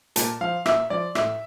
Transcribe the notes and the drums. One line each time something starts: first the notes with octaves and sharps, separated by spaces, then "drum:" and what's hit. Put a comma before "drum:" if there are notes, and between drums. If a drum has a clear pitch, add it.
A#2 A5, drum: hi-hat
F3 F5
A#2 E5, drum: rim click
F3 D5
A2 E5, drum: rim click